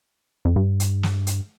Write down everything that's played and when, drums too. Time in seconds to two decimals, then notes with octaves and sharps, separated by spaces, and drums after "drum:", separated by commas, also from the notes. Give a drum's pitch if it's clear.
0.45 F2
0.56 G2
0.80 drum: hi-hat
1.03 drum: snare
1.27 drum: hi-hat